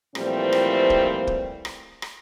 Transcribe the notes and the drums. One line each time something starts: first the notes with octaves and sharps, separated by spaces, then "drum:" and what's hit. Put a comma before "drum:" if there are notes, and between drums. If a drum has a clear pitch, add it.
A#2 E3 F3 G3 A3 C4, drum: rim click
drum: rim click
drum: kick
drum: kick
drum: rim click
drum: rim click